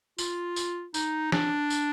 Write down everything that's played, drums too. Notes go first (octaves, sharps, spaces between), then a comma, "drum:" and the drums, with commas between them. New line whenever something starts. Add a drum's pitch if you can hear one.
F4, drum: tambourine
drum: tambourine
D#4, drum: tambourine
D4, drum: snare
drum: tambourine